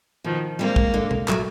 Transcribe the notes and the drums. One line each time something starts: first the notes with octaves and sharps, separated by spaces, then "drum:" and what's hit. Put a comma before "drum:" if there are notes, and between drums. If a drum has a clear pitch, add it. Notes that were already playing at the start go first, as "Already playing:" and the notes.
B2 D#3 F3
G3 G#3 A#3 C4
drum: kick
D3
drum: tom B2
F#3 A3, drum: clap